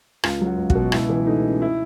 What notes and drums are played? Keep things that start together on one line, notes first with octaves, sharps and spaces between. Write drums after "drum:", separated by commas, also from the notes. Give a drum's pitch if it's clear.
C#2 F4, drum: rim click
F#3
F#4
C#2
F#4, drum: kick
B2
C#2 E4, drum: rim click
E3
A3 D#4
C#3
E4